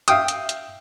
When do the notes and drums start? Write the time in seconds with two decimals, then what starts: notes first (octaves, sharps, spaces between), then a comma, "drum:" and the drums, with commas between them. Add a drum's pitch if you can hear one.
0.08 E5 F5 G5 D#6, drum: hi-hat
0.28 drum: hi-hat
0.49 drum: hi-hat